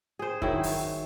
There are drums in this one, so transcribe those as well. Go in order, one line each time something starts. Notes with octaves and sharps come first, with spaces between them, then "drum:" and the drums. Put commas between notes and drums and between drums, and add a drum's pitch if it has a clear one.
G#4 C5
D#3 F#3 E4, drum: kick
drum: open hi-hat